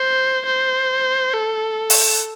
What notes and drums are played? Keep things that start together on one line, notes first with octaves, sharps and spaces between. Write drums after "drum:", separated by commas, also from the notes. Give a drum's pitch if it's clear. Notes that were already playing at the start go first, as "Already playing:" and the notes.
Already playing: C5
C5
A4
drum: open hi-hat